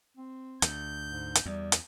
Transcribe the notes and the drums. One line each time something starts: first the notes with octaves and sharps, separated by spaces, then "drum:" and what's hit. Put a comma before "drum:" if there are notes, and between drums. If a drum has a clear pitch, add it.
C4
D2 G6, drum: hi-hat
G#2
drum: hi-hat
E2 G3
drum: hi-hat